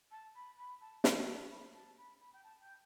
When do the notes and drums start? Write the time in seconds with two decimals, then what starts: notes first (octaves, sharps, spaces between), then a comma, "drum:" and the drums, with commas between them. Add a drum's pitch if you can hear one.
0.11 A5
0.34 B5
0.58 B5
0.81 A5
1.04 F5, drum: snare
1.27 A5
1.50 B5
1.74 A5
1.97 B5
2.20 B5
2.33 G5
2.43 A5
2.60 G5